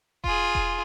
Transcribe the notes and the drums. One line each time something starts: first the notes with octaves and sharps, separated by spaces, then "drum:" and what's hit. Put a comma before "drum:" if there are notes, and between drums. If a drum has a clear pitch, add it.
F4 G#4, drum: kick E1
drum: kick E1